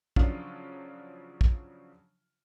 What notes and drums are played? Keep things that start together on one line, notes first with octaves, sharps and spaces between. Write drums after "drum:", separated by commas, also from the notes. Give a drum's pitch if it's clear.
C#3 F3 F#3 C#4 D4 F4, drum: kick
drum: kick